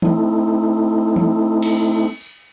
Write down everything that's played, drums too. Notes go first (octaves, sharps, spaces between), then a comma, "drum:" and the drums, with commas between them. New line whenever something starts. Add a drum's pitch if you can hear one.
A3 C4 D#4 E4, drum: tom E3
drum: tom E3
drum: cymbal
drum: tambourine